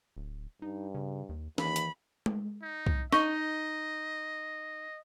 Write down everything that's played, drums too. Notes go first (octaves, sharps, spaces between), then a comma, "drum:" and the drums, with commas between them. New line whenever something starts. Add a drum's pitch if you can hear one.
D1
G2 D#4
C#3
D#2
D#2 E3 B5, drum: snare
drum: hi-hat
drum: tom G#3
D#4
drum: kick C2
D#4 D#5 C#6, drum: snare